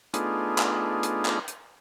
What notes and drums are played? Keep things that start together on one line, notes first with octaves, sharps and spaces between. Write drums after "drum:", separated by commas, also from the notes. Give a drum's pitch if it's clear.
A3 B3 D4 D#4 F4 G#4, drum: hi-hat
drum: clap
drum: hi-hat
drum: clap
drum: hi-hat